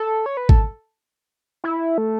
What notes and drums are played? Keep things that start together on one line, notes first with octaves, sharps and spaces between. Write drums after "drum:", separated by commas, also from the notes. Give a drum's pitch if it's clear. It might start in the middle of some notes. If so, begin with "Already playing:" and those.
Already playing: A4
C#5
B4
A4, drum: kick G#1
E4
A3